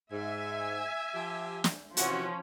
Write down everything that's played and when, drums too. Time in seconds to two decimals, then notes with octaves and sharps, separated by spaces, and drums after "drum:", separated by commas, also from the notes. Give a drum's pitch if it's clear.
0.11 G#2 E5 G#5
1.14 F3 G4
1.64 drum: snare
1.97 C3 E3 F3 C#4 F#4, drum: hi-hat